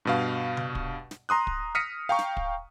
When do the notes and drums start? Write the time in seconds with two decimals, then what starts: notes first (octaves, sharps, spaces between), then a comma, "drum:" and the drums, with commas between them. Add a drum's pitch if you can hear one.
0.05 G2 B2 F5
0.57 drum: tom C3
0.75 drum: kick
1.11 drum: snare
1.29 A#5 C6 D#6 F#6
1.47 drum: kick
1.75 D#6 F6 A#6 B6 C#7 D#7
2.09 F5 G5 A#5 C#6
2.19 drum: snare
2.37 drum: kick